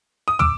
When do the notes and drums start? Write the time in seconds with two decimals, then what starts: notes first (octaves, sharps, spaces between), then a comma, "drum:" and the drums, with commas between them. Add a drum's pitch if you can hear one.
0.28 D#6
0.39 D6 E6, drum: tom